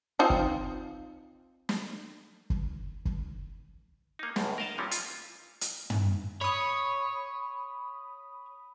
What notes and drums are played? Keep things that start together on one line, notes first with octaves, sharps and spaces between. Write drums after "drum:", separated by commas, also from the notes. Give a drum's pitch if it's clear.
C4 D#4 F4
drum: kick
drum: snare
drum: kick
drum: kick
A#3 D#4
C#2 F#2 A2, drum: snare
A#4 B4 D#5 F5 A5
A#2 E3 F3 G3 C4 C#4
F4, drum: hi-hat
drum: hi-hat
drum: tom
C#5 B5 D#6